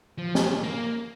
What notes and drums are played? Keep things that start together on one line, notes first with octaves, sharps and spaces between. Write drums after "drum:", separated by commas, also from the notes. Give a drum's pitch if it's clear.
F3
drum: snare
A#3